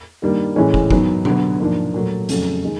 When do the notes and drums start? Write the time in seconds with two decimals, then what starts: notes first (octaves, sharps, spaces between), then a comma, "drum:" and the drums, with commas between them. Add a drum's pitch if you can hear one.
0.22 G2 D#3 G3 A#3
0.56 A2 E3 G#3 C#4
0.74 drum: kick
0.91 G#2 D#3 F#3 B3, drum: kick
1.25 D3 F#3 B3, drum: tom B2
1.60 G#2 F3 A#3 D4
1.94 A#2 F#3 A3
2.29 F2 C#3 F#3 A3, drum: hi-hat
2.64 D#3 G#3